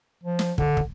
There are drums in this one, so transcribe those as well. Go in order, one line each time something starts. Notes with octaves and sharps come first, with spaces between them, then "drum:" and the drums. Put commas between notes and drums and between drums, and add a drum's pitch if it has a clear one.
F3
drum: snare
D3, drum: kick
drum: kick